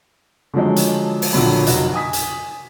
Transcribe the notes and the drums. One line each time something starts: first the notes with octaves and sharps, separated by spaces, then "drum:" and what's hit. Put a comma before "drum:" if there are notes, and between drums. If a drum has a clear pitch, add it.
D3 F3 F#3 G#3
drum: hi-hat
drum: open hi-hat
A#1 A#2 D3 F#3 B5
F1 F#4, drum: hi-hat
G#5 D#6 B6
drum: hi-hat